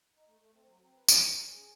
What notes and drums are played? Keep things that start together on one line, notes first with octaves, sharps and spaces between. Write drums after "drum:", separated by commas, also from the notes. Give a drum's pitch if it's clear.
D#4
A3
A3
C4
F#3
C4
B4
E5, drum: tambourine
A#4
C#4
G#4